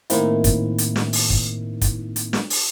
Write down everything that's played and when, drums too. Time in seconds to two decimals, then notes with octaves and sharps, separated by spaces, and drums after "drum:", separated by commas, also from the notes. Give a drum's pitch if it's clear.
0.10 A2 D#3 A#3 C4 D#4 E4, drum: hi-hat
0.44 drum: kick, hi-hat
0.78 drum: hi-hat
0.96 drum: snare
1.13 drum: open hi-hat
1.30 drum: kick
1.81 drum: kick, hi-hat
2.16 drum: hi-hat
2.33 drum: snare
2.50 drum: open hi-hat